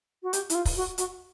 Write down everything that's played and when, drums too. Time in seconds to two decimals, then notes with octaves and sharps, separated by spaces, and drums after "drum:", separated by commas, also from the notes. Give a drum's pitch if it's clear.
0.23 F#4
0.33 G4, drum: hi-hat
0.50 E4, drum: hi-hat
0.55 F4
0.65 drum: kick, open hi-hat
0.77 F#4
0.98 F#4, drum: hi-hat